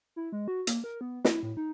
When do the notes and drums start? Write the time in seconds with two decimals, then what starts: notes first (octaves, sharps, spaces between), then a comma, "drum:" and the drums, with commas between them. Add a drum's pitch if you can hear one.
0.16 E4
0.32 G#3
0.48 F#4
0.67 A#3, drum: hi-hat
0.84 A#4
1.01 B3
1.25 E4, drum: snare
1.43 A2
1.57 D#4